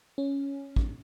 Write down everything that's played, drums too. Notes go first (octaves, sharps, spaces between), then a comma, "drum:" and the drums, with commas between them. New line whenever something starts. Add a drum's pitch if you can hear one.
C#4
drum: kick